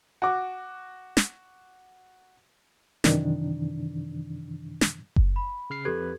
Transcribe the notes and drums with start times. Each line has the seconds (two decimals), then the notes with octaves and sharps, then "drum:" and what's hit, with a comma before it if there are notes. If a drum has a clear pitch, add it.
0.22 F#4 D6
1.17 drum: snare
3.04 F#2 C3 D#3 E3 D4, drum: snare
4.81 drum: snare
5.16 drum: kick F#1
5.36 B5
5.70 C#3 F6 C7
5.85 F2 G4 A4 B4 G#6